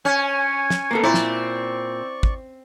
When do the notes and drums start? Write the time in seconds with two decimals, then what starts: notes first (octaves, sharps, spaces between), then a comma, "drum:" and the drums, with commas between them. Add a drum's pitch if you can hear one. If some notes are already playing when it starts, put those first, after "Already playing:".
0.05 C#4 C#5 G#5
0.70 drum: snare
0.91 A#3 B3 A4
1.03 A#2 C4 E4 D5 C#6
1.14 drum: snare
2.23 drum: kick